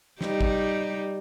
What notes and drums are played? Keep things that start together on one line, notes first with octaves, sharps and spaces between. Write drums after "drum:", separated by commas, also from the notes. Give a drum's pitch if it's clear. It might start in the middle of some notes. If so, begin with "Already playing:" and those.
G3 D#4 G4, drum: snare
drum: kick G#1